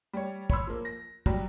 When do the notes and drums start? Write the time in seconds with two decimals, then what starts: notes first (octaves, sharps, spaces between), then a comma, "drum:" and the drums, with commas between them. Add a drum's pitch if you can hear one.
0.13 G3 C#5
0.50 C#5 B5 C6 E6, drum: kick
0.67 F3 A#3
0.85 A#6
1.26 F#3 G3, drum: kick